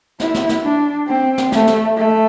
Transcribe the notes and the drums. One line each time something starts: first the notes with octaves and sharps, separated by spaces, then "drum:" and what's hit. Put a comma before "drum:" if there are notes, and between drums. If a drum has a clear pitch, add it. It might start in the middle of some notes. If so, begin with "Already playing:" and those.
E4, drum: snare
drum: snare
drum: snare
D4
C4
drum: snare
A3, drum: snare
drum: snare
A3